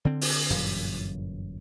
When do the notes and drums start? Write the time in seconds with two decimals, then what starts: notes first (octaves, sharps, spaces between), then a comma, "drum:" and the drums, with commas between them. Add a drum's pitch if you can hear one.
0.05 D3 C4
0.21 drum: open hi-hat
0.50 G1 F#2 A#2 E3